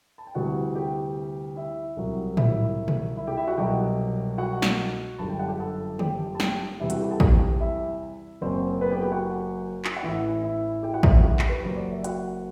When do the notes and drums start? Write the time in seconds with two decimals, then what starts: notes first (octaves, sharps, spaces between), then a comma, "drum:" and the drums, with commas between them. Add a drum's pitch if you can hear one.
0.18 A5
0.27 G5
0.35 D2 C3 E3 G3 F#4 F#5
0.75 G4 G5
1.56 E4 E5
1.97 C2 C3 F#3
2.37 E4 E5, drum: tom A2
2.88 drum: tom B2
3.17 E4 E5
3.27 G4 G5
3.37 E4 E5
3.47 F#4 F#5
3.58 C2 B2 F#3 G4 G5
4.38 F#4 F#5
4.62 drum: snare
5.18 G1 F#2 D3 G3 A5
5.30 G5
5.39 F#5
5.48 G4 G5
5.60 A4 A5
5.99 G4 G5, drum: tom D3
6.35 A5
6.40 G4 G5, drum: snare
6.80 E2 C3 E3 G3 E4 E5
6.90 F#4 F#5, drum: hi-hat
7.00 G4 G5
7.11 A4 A5
7.20 G4 G5, drum: kick
7.60 E4 E5
8.41 F#1 F#2 F#3 C4 C5
8.81 B3 B4
8.91 G4 G5
9.01 G4 G5
9.12 F#4 F#5
9.85 drum: clap
9.97 F#5
10.02 A1 A2 E3 E4 E5
10.43 E4 E5
10.83 G4 G5
10.94 F#4 F#5
11.03 E4 E5, drum: kick
11.14 F#4 F#5
11.24 G4 G5
11.39 drum: clap
11.49 B4
11.63 F#1 F#2 F#3 C5
11.76 D5
11.91 E5
12.04 F#4 F#5, drum: hi-hat